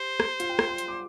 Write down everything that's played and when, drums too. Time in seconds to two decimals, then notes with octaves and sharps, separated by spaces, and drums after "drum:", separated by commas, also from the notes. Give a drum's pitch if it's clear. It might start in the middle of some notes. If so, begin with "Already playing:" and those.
Already playing: G4 C5
0.20 drum: rim click
0.40 F4, drum: hi-hat
0.49 G5
0.59 drum: rim click
0.68 C6
0.78 drum: hi-hat
0.88 D6